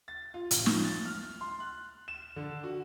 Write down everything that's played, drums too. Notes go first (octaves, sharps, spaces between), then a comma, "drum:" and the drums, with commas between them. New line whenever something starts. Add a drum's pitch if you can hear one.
A6
F4
A1, drum: hi-hat
F3, drum: snare
A6
F6
C6
F#6
E7
D3
F#4